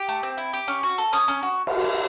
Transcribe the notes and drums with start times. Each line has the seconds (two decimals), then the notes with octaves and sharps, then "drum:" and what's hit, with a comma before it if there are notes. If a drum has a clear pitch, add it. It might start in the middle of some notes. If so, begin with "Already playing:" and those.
Already playing: G4
0.09 A3
0.23 C4
0.38 E4
0.53 G4
0.68 C#4
0.83 F#4
0.98 A4
1.13 C#4 D#6
1.28 C#4
1.43 F#4
1.67 drum: cymbal